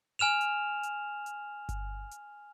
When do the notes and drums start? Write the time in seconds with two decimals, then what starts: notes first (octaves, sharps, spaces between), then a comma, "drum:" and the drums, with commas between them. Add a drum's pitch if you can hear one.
0.19 G#5 F6 E7 F7
0.41 drum: hi-hat
0.83 drum: hi-hat
1.26 drum: hi-hat
1.69 drum: kick G1, hi-hat
2.11 drum: hi-hat